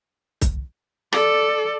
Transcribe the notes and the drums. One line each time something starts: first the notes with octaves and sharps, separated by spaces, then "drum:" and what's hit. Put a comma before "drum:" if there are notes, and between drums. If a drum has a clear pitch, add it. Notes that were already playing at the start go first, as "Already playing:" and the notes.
drum: kick C2, hi-hat
A4 D5, drum: rim click